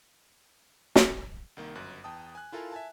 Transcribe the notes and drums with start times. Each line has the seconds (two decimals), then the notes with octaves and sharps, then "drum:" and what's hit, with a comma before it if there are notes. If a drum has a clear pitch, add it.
0.96 drum: snare
1.57 C2 D#3 A#3
1.75 G1 F#2 F#6
2.04 E2 G5 A5 D#6
2.35 G#5 F#6
2.52 E4 F4 A4 A#4 F5 G#5
2.72 E5 G#5 A5